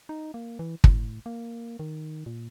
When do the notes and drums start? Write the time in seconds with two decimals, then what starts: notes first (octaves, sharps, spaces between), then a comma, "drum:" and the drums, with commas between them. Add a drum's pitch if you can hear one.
0.09 D#4
0.34 A#3
0.59 E3
0.84 A2, drum: kick
1.26 A#3
1.79 D#3
2.26 A#2